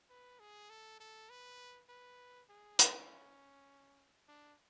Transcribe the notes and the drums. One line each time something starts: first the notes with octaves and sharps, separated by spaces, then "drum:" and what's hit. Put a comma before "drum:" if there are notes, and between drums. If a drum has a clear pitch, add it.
B4
G#4
A4
A4
B4
B4
G#4
C#4, drum: hi-hat
D4